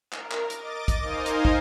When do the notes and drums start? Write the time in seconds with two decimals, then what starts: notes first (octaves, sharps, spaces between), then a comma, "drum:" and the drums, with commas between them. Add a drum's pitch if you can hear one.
0.12 A#4, drum: clap
0.31 drum: clap
0.50 D#5 D6 A6, drum: hi-hat
0.88 drum: kick, hi-hat
1.01 D#4 A#4 C5 D#5 F5 G#5
1.26 drum: hi-hat
1.45 drum: kick